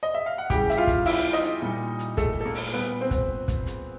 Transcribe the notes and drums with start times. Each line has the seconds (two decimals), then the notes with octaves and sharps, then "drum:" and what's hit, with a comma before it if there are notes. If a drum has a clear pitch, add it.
0.03 D#5
0.14 E5
0.26 F5
0.38 F#5
0.50 C#3 E3 G3 G4 G5, drum: kick, hi-hat
0.70 E5, drum: hi-hat
0.77 F4 F5
0.87 drum: kick, hi-hat
1.06 E4 E5, drum: open hi-hat
1.33 D#4 D#5
1.43 drum: hi-hat
1.62 A#2 G3
1.99 drum: hi-hat
2.17 A3 A4, drum: kick, hi-hat
2.41 A4
2.45 A#3 A#4
2.55 drum: open hi-hat
2.73 A#2 G3 B3 B4
3.01 C4 C5
3.11 drum: kick, hi-hat
3.48 drum: kick, hi-hat
3.67 drum: hi-hat